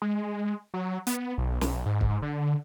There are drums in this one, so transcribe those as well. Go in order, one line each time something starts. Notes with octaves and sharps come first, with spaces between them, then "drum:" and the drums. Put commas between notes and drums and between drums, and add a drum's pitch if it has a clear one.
G#3
F#3
B3, drum: hi-hat
B1
B1, drum: snare
G#2
drum: kick
D3